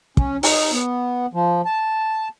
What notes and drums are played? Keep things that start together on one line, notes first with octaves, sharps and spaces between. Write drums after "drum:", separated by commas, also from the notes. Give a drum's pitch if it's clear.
C#4, drum: kick
D#4, drum: open hi-hat
B3
F3
A5